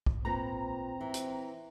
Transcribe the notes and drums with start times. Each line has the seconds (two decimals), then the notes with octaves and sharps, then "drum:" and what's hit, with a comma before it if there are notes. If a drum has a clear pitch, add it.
0.06 drum: kick
0.25 A#2 C4 B4 A#5
1.01 E3
1.14 drum: hi-hat